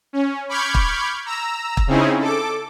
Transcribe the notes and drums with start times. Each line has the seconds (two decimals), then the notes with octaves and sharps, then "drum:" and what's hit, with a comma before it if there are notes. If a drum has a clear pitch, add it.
0.13 C#4
0.49 B5 C#6 D6 F6 G6 G#6
0.74 drum: kick
1.26 A#5 E6
1.77 drum: kick
1.87 C#3 C4 C#4 D#4 E4 G#4
2.20 A4 D6